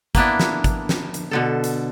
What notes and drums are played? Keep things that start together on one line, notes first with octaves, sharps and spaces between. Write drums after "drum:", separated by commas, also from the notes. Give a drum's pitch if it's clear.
A#3 B3 D4 E4, drum: kick, hi-hat
drum: snare
drum: kick, hi-hat
drum: snare
drum: hi-hat
B2 D3 A4
drum: hi-hat